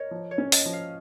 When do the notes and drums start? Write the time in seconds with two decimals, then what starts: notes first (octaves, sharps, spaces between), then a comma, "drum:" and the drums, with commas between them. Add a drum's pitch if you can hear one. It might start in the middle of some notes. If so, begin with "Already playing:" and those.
Already playing: A#4 C#5 D#5
0.11 F3
0.31 C#5
0.38 C#4
0.52 D#5, drum: open hi-hat
0.66 F3
0.73 F5